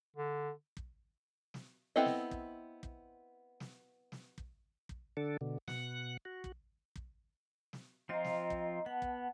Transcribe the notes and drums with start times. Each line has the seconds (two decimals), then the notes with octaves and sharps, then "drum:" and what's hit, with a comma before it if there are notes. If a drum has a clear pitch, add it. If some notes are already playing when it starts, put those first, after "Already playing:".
0.16 D3
0.77 drum: kick
1.54 drum: snare
1.96 B3 C4 E4 A4 D#5
2.06 drum: snare
2.31 drum: kick
2.83 drum: kick
3.60 drum: snare
4.12 drum: snare
4.38 drum: kick
4.89 drum: kick
5.17 D3 D4 A4
5.41 B2 D3
5.68 B2 F#5, drum: snare
6.25 F#4
6.44 drum: kick
6.96 drum: kick
7.73 drum: snare
8.09 F3 C4 F4 D#5 A#5
8.24 drum: snare
8.50 drum: kick
8.86 B3 F#5 A5
9.02 drum: kick